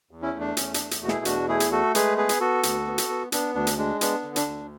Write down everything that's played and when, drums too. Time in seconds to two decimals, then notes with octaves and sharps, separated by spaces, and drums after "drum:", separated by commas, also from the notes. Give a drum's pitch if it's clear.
0.11 E2
0.22 C#4 E4
0.34 A3
0.40 D4
0.57 E2 C#4, drum: hi-hat
0.74 D4, drum: hi-hat
0.80 A3
0.91 drum: hi-hat
1.03 B2 F#4
1.08 E4 G#4, drum: snare
1.25 E2 D4 F#4, drum: hi-hat
1.48 A3 E4 G#4
1.60 drum: hi-hat
1.71 A3 F#4 A4
1.95 G#3 G#4 B4, drum: hi-hat
2.18 B3 G#4 B4
2.29 drum: hi-hat
2.40 B3 F#4 A4
2.63 D2, drum: hi-hat
2.86 B3
2.98 drum: hi-hat
3.09 B3
3.32 B3 D4, drum: hi-hat
3.55 D2 D4
3.67 drum: hi-hat
3.78 G#3 D4
4.01 B3 D4, drum: hi-hat
4.24 D3
4.36 D4, drum: hi-hat
4.47 D2